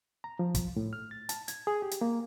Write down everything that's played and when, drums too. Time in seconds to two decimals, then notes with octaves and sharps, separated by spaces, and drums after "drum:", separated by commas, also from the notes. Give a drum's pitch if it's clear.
0.24 A#5
0.39 F3
0.55 drum: kick, hi-hat
0.76 A2
0.93 F6
1.11 A6
1.29 A5, drum: hi-hat
1.48 G#6, drum: hi-hat
1.67 G#4
1.82 G4
1.91 drum: hi-hat
2.01 A#3